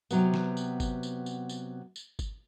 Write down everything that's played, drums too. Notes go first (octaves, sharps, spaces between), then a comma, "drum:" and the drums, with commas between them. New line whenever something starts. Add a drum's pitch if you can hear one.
C3 F#3 B3, drum: tambourine
drum: snare
drum: tambourine
drum: kick G1, tambourine
drum: tambourine
drum: tambourine
drum: tambourine
drum: tambourine
drum: kick G1, tambourine